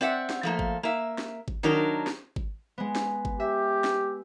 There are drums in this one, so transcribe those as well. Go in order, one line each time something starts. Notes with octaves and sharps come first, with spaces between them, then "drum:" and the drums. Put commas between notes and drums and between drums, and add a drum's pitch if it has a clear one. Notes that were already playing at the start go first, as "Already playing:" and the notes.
C4 D5 E5 F#5
drum: snare
F3 A3 A#3
drum: kick G1
A#3 E5
drum: snare
drum: kick G1
D#3 F#3 D4 D#4 A#4
drum: snare
drum: kick G1
G#3 B3
drum: snare
drum: kick G1
G4 E5
drum: snare